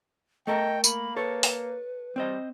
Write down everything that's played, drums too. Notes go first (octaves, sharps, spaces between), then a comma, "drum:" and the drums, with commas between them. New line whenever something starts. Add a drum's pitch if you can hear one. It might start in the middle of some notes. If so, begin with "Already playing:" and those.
A3 A4 A#4 D#5 G5
A#3 B5, drum: tambourine
A4 B4 C#5
drum: open hi-hat
G3 C4 C5 D#5